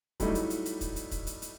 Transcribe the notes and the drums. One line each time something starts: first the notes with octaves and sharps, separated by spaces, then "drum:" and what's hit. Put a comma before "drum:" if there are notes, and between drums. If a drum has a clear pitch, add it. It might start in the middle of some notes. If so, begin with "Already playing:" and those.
F#3 G3 A3 D#4 E4, drum: kick, hi-hat
drum: hi-hat
drum: hi-hat
drum: hi-hat
drum: kick, hi-hat
drum: hi-hat
drum: kick, hi-hat
drum: hi-hat
drum: hi-hat